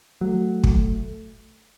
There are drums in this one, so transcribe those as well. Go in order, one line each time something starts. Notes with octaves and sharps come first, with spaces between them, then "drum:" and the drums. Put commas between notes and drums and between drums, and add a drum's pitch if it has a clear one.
F#3 A3
drum: kick